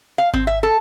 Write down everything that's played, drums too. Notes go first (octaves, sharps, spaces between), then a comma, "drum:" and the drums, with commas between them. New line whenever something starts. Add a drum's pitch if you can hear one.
F5
C4, drum: kick G#1
E5
A4